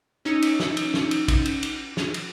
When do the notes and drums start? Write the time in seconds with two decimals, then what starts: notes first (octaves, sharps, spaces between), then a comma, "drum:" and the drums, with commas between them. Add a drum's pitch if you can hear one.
0.25 C#4 D#4 E6 C#7
0.42 drum: cymbal
0.60 drum: snare
0.77 drum: cymbal
0.94 drum: snare
1.11 drum: cymbal
1.28 drum: kick, cymbal
1.45 drum: cymbal
1.63 drum: cymbal
1.97 drum: snare
2.14 drum: cymbal